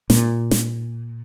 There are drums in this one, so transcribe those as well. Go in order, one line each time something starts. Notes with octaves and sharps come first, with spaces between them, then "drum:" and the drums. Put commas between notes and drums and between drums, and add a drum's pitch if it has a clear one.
A#2, drum: snare
drum: snare